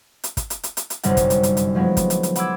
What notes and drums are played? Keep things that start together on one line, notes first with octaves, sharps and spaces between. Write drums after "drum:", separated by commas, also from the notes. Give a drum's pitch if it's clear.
drum: hi-hat
drum: kick, hi-hat
drum: hi-hat
drum: hi-hat
drum: hi-hat
drum: hi-hat
G1 F#2 C3 G3 D#4 F#5, drum: hi-hat
drum: kick, hi-hat
drum: hi-hat
drum: hi-hat
drum: hi-hat
F3 F#3 G#3 B3
drum: kick, hi-hat
drum: hi-hat
drum: hi-hat
F#5 B5 C6 D6 E6 G#6, drum: hi-hat